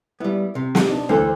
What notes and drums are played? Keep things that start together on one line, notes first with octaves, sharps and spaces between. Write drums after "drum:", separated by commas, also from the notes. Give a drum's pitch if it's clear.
G3 B3 E4
C3
drum: snare
D4 D#4
D2 D3 E3 A4 C5